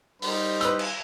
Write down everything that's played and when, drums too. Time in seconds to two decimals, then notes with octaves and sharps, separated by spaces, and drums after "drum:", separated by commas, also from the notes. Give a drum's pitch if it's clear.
0.22 G3 D#4 C5, drum: open hi-hat
0.61 B4 E6, drum: hi-hat
0.79 drum: cymbal